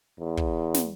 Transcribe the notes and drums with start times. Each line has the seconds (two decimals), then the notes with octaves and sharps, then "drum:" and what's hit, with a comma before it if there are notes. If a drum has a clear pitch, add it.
0.19 E2
0.37 drum: kick
0.74 drum: snare